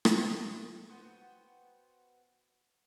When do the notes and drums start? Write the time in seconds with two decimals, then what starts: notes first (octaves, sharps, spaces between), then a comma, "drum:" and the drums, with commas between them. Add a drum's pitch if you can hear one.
0.05 drum: rim click
0.90 B3 F#4 C5 G5